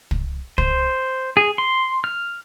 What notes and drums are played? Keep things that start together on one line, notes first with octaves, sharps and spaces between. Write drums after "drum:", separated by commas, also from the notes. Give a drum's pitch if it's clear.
drum: kick
C5, drum: kick
G#4
C6
F6